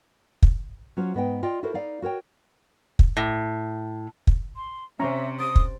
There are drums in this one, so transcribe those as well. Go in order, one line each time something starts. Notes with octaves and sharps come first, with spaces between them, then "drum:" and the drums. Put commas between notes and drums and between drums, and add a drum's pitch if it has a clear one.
drum: kick
F#3 C#4 F4 C5
G#2 B3 D#5 G5
F4 D5 D#5 G5
E4 F#4 A4 A#4 C5
D#4 D5 F5
F#4 A#4 C#5 G5
drum: kick
A2
drum: kick
C6
C3 C#4 C5 E5 A#5 C#6 C#7
D#6 A6 D7
drum: kick